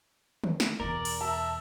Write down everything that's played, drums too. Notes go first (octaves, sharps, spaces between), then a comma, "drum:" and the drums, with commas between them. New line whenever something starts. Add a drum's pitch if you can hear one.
drum: tom
drum: snare
E2 B2 A#4 D5
drum: cymbal
E5 A5